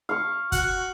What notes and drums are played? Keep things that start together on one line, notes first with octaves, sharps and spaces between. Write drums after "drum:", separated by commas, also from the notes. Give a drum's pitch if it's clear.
F5 C#6
F#4 F#5, drum: kick, hi-hat